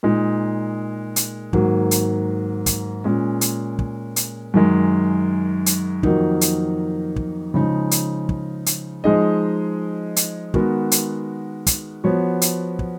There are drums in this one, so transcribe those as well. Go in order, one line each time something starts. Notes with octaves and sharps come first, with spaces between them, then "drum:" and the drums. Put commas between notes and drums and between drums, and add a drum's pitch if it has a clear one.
A#2 G#3 D#4
drum: hi-hat
G#2 D#3 F#3 A#3, drum: kick
drum: hi-hat
drum: kick, hi-hat
A#2 G#3 C#4
drum: hi-hat
drum: kick
drum: hi-hat
F#2 D#3 G#3
drum: hi-hat
F2 D#3 F#3 A#3 D#4, drum: kick
drum: hi-hat
drum: kick
C#3 F3 G#3 D#4
drum: hi-hat
drum: kick
drum: hi-hat
F3 G#3 D#4 G#4 D#5
drum: hi-hat
D#3 G#3 B3 F#4 A#4, drum: kick
drum: hi-hat
drum: kick, hi-hat
F3 B3 F#4 C#5
drum: hi-hat
drum: kick